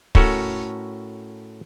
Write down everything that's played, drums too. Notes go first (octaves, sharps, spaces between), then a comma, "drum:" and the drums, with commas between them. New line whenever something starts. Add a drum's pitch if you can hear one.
A2 C#4 F#4 A4 A#4, drum: kick